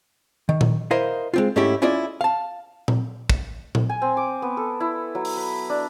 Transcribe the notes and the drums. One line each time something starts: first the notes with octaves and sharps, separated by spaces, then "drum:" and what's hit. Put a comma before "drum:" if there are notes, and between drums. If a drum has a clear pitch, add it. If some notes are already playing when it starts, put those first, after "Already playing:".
D#3
drum: tom A#2
E4 A#4 C5 D#5 F5
G#3 C4 F4
G#2 A3 C#4 E4 G4
C#4 E4 F4 G#4 D5 D#5
F5 A5
drum: tom A#2
drum: kick
drum: tom A#2
G#5
C4
D6
B3
A4
E4
F#3
drum: open hi-hat
B4
D4